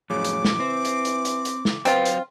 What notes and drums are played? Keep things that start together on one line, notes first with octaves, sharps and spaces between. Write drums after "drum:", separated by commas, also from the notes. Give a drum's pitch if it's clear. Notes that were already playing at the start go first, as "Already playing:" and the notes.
F2 A2 C#3 F#3 D6
drum: hi-hat
drum: snare
E3 C4
drum: hi-hat
drum: hi-hat
drum: hi-hat
drum: hi-hat
drum: snare
F#3 B3 C4 F4 F5, drum: hi-hat
drum: hi-hat